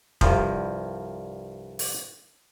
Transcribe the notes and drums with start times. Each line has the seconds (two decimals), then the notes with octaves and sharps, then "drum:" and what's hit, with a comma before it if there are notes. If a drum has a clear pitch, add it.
0.21 C2 G2 F3, drum: kick F1
1.79 drum: open hi-hat